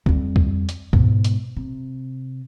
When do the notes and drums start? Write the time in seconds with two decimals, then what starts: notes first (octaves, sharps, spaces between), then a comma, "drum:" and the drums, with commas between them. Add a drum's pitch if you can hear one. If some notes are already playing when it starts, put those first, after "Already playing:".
0.06 F2 G3, drum: kick C#2
0.36 drum: kick C#2
0.69 drum: hi-hat
0.93 G#2 B2, drum: kick C#2
1.25 drum: hi-hat
1.57 C3